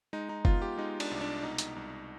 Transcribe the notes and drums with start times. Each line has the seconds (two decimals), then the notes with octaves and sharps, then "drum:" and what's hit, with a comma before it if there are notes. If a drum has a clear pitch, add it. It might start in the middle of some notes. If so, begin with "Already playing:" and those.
0.13 G#3 D#4
0.29 D#4
0.45 B3 F4, drum: kick F#1
0.62 G4
0.77 G#3 D#4
1.00 D4, drum: cymbal
1.11 C2
1.21 D4
1.43 B2 D#4
1.58 drum: hi-hat
1.76 C2